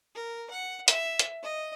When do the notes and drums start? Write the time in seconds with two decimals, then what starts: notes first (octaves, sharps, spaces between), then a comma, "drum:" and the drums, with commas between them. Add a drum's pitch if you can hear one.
0.15 A#4
0.50 F#5
0.88 E5, drum: hi-hat
1.19 drum: hi-hat
1.43 D#5